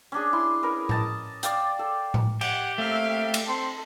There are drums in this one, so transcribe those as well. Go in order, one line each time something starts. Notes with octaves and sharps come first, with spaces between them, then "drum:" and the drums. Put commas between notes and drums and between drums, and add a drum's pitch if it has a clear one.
C#4 D4 G#4
E4 C6
C#4 A#4 B4
D#5 A5 A#5, drum: tom A2
D5 F5 G5, drum: hi-hat
A4
drum: tom A2
G4 F#5, drum: cymbal
A3 A#3 C4 E5 F5
drum: cymbal
C4 A4 C6